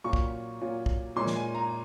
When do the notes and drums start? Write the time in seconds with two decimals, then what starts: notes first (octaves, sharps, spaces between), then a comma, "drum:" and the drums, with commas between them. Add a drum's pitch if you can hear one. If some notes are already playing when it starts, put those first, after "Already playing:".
0.04 A#2 F#3 C#4 F4 C#6
0.13 drum: kick
0.61 A#2 F#3 C#4 F4
0.86 drum: kick
1.16 A#2 G#3 C#4 C6
1.27 drum: snare
1.36 G#5
1.55 A#5